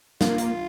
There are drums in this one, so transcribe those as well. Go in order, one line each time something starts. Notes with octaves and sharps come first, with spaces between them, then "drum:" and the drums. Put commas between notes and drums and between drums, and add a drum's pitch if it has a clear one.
A#3 F4, drum: snare
drum: hi-hat